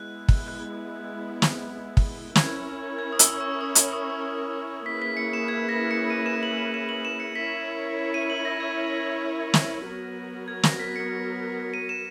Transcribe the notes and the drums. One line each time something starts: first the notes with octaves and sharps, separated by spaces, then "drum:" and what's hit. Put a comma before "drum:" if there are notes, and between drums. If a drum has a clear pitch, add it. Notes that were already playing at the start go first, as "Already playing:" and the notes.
Already playing: G#3 B3 E4 F#6
drum: kick
F#6
drum: snare
drum: kick
C#4 E4 A#4 C#5 G#6, drum: snare
G#6
D#6
E6, drum: hi-hat
C#6
D#6
drum: hi-hat
D#6
A#3 C#4 E4 G#4 B4 B6
B6
C#7
E7
G#6
A#6
C#7
D#7
E7
F#7
E7
E7
F#7
E7
C#7
C#4 E4 A#4 C#5 B6
D#7
F#7
A#6
G#6
drum: snare
F#3 B3 F#4 A#4
G#6
A#6, drum: snare
B6
C#7
D#7
E7